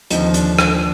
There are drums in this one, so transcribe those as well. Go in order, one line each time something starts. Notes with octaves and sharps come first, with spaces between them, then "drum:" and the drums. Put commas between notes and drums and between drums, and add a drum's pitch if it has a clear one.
D#2 D3 F3 C4 D#4, drum: hi-hat
D4, drum: hi-hat
D4, drum: rim click